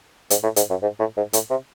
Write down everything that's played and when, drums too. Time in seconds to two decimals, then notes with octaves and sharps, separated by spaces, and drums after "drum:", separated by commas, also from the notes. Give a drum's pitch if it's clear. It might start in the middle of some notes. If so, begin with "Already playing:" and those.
0.30 G#2, drum: hi-hat
0.43 A2
0.56 G#2, drum: hi-hat
0.70 F#2
0.82 G#2
0.99 A2
1.17 G#2
1.33 A2, drum: hi-hat
1.50 C3